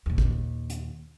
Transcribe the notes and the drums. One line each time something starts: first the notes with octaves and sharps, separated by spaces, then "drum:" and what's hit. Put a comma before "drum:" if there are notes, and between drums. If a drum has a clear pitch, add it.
D#2 A#2
drum: kick
drum: hi-hat